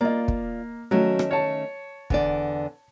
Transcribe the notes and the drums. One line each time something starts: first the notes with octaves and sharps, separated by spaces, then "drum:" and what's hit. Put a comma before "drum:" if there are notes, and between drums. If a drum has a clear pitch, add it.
A#3 F4 D5 D#5
drum: kick
D#3 F#3 A3 C#4
drum: rim click
C#5 A5
E2 D3 D5, drum: kick